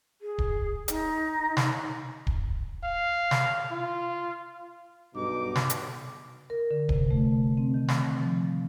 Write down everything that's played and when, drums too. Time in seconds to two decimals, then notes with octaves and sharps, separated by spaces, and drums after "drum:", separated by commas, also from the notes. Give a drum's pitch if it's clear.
0.21 G#4
0.38 drum: kick D1
0.88 D#4, drum: hi-hat
1.57 drum: snare
2.27 drum: kick D1
2.84 F5
3.31 drum: snare
3.71 F4
5.15 B1 G2 B2 D#4 D6
5.56 drum: snare
5.70 drum: hi-hat
6.50 A#4
6.71 D3
6.89 C3, drum: kick D1
7.11 A3
7.57 C4
7.74 D#3
7.89 drum: snare
8.21 F3